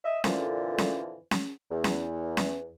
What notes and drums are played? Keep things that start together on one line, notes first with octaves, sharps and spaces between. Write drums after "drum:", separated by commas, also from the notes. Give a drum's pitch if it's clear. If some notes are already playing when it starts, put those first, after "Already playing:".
D#5 E5
F2 A#2 D3 E3 F3, drum: snare C#4
drum: snare C#4
drum: snare C#4
E2
drum: snare C#4
drum: snare C#4